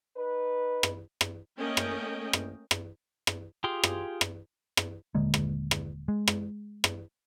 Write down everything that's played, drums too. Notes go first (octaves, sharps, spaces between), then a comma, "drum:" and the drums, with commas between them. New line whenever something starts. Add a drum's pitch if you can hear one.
D#4 B4
drum: rim click
drum: rim click
A3 A#3 C#4 D#5 G5
drum: rim click
drum: rim click
drum: rim click
drum: rim click
F4 G4 G#4 G5 C6
drum: rim click
drum: rim click
drum: rim click
D#1 D3 G#3 A#3
drum: rim click
drum: rim click
G#3
drum: rim click
drum: rim click